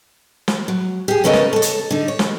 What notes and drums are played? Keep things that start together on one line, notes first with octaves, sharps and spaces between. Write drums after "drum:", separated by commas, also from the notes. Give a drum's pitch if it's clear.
drum: snare
F#3
G4 G#4
C#3 B3 C#4 A4 A#4 D#5
drum: snare
A4 C#5
drum: hi-hat
D3 D#4
C#5
drum: snare